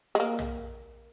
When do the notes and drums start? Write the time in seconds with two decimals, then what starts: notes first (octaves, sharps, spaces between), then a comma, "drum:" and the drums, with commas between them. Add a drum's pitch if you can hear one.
0.15 G#3
0.20 A#3
0.39 drum: tom